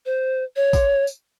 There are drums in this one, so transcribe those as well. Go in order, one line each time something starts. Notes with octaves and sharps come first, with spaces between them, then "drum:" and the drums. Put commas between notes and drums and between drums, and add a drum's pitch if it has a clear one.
C5
C#5
drum: kick, tambourine
drum: tambourine